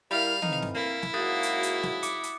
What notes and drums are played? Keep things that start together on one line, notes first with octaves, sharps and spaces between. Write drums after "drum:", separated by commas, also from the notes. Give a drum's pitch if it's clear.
G3 E4 A#4 F5 B5 F6
A2 E3 C4 D#4, drum: tom
drum: snare
A#3 E4
drum: snare
G#2 C#3 A#3 F#4 D#6 F#6 A6
drum: hi-hat
drum: hi-hat
drum: snare
D6 C#7, drum: hi-hat
drum: hi-hat